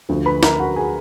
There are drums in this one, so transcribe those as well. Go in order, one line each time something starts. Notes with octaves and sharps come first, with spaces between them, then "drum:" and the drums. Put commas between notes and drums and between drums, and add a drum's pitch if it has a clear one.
D2 D3 F3
B4 B5
A#4 A#5, drum: snare
F#4 F#5
G#4 G#5